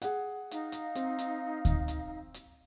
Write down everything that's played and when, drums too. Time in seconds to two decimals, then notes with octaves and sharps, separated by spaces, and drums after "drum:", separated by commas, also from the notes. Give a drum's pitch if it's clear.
0.02 G#4 F#5, drum: hi-hat
0.51 D#4 F5, drum: hi-hat
0.72 drum: hi-hat
0.95 C4, drum: hi-hat
1.19 drum: hi-hat
1.65 drum: kick D2, hi-hat
1.88 drum: hi-hat
2.34 drum: hi-hat